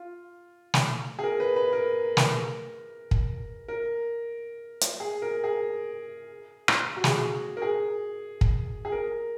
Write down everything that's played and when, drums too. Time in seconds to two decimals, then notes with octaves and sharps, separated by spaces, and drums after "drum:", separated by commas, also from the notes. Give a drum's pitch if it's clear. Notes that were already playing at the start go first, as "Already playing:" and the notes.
Already playing: F4
0.74 drum: snare
1.19 G#4
1.23 A#4
1.40 B4
1.56 B4
1.73 A#4
2.17 drum: snare
3.11 drum: kick
3.68 A#4
4.81 drum: hi-hat
5.00 G#4
5.22 A#4
5.44 G#4
6.68 drum: rim click
6.97 F#4
7.04 G#4, drum: snare
7.11 F#4
7.57 A#4
7.62 G#4
8.41 drum: kick
8.85 G#4
8.92 A#4